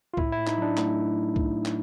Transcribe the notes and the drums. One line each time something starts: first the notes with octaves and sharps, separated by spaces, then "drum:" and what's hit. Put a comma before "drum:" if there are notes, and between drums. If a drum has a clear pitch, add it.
F4
A2 E4, drum: kick C2
E4
A2
D#4, drum: clap
F#3 D4
A3, drum: clap
drum: kick C2
drum: clap